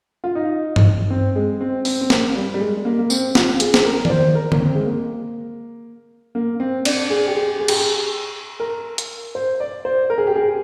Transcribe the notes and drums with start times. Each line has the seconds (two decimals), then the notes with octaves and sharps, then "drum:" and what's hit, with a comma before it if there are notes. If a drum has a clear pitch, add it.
0.24 F4
0.35 D#4
0.76 drum: tom G2
1.10 C4
1.36 G#3
1.61 C4
1.85 C4, drum: open hi-hat
2.01 C4
2.10 A#3, drum: snare
2.36 G3
2.54 G3
2.60 G#3
2.85 A#3
2.99 A#3
3.10 C4, drum: tambourine
3.35 F4, drum: snare
3.60 G#4, drum: hi-hat
3.74 G#4, drum: snare
3.85 A#4
4.05 D5, drum: tom D#3
4.10 C5
4.35 A#4
4.52 A#3, drum: tom D3
4.60 C4
4.75 G#3
4.85 A#3
6.35 A#3
6.60 C4
6.85 D4, drum: cymbal
7.10 G#4
7.27 G4
7.35 G#4
7.60 G#4
7.68 G4, drum: cymbal
7.77 G#4
8.60 A#4
8.98 drum: hi-hat
9.35 C5
9.60 D5
9.85 C5
10.10 A#4
10.18 G#4
10.27 G4
10.36 G#4